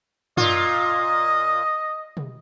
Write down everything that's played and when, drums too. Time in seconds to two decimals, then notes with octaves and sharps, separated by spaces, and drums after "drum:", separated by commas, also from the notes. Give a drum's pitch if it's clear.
0.37 A#2 F4 D#5, drum: tom
2.17 drum: tom